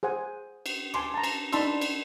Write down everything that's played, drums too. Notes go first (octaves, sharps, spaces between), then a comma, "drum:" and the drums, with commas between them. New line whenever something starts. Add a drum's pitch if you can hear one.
G#4 C5 F#5 G#5
drum: cymbal
G#5 A5 C6 D6, drum: rim click
A5 A#5
drum: cymbal
D4 D#4 A5 B5 C6 E6, drum: cymbal
drum: cymbal